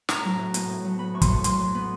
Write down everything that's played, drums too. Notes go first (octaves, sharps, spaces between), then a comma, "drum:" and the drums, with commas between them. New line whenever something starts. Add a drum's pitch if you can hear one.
A2 A#5, drum: snare
F#3
A2
B3, drum: hi-hat
A2
F#3
B3 B5
A2 C#6
C6, drum: kick, hi-hat
A2
F#3 C6, drum: hi-hat
F#3
B3